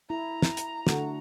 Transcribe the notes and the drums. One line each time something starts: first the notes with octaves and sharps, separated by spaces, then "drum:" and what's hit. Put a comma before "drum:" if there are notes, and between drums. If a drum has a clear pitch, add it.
E4 A#5
drum: snare
drum: hi-hat
D3 A3 F#4, drum: snare